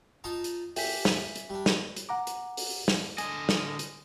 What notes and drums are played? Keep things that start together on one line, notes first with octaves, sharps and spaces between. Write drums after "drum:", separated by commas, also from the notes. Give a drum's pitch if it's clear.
D#4 F4 A5
drum: hi-hat
G4 E5 G#5 B6, drum: open hi-hat
drum: snare
drum: hi-hat
G3 D4
drum: snare
drum: hi-hat
F#5 A#5 D6
drum: hi-hat
drum: open hi-hat
drum: snare
D3 D#5 G#5, drum: hi-hat
drum: snare
drum: hi-hat